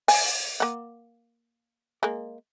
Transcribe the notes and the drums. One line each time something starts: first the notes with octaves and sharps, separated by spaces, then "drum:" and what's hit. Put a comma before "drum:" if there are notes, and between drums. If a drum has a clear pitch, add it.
G#5, drum: open hi-hat
A#3 F#5
G#3 A#3